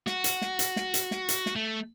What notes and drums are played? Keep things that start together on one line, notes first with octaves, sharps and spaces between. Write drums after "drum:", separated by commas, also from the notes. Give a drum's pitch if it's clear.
F#4, drum: snare
drum: hi-hat
drum: snare
drum: hi-hat
drum: snare
drum: hi-hat
drum: snare
drum: hi-hat
drum: snare
A3